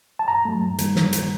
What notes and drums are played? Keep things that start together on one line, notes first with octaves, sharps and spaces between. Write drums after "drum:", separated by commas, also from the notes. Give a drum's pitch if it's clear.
A5
G2 A#5
F#3 A3
G2
D#3 G3 A#3, drum: hi-hat
drum: snare
drum: hi-hat